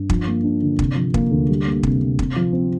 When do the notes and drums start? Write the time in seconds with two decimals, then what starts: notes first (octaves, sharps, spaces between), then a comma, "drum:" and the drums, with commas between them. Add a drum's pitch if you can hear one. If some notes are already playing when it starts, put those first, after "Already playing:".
Already playing: G2
0.10 F3, drum: kick
0.28 A#3
0.44 D4
0.62 D3
0.79 C3, drum: kick
0.96 F3
1.14 A#3, drum: kick
1.31 D2
1.49 G3
1.67 A#3
1.83 C3, drum: kick
2.01 C3
2.19 C3, drum: kick
2.36 F3
2.53 C4